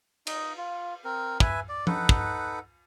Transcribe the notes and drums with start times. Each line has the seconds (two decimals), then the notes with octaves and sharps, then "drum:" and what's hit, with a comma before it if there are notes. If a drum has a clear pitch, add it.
0.27 D#4 D#5, drum: cymbal
0.57 F4
1.04 C4 A#4
1.40 B4 E5 G#5, drum: kick
1.69 D5
1.87 D#4 A4 B4 F#5, drum: tom F3
2.09 drum: kick